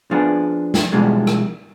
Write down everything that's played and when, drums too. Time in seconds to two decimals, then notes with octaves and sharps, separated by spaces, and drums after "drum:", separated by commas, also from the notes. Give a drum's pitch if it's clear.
0.11 F3 B3 D4 G#4
0.74 drum: snare
0.92 B2 E3 F3 G3 G#3
1.27 drum: rim click